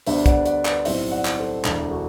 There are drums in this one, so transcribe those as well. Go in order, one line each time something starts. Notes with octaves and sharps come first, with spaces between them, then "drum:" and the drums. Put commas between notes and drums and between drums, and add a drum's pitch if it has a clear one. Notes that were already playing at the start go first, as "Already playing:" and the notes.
D2 D3 G3 B3 D4 C5 E5, drum: open hi-hat
D5 F#5, drum: kick, hi-hat
D5 F#5, drum: hi-hat
B4 D5, drum: clap
B1 A2 G3 C4 C5 E5, drum: open hi-hat
D5 F#5
drum: clap
A4 C5
E1 D2 D3, drum: clap
F#4 A4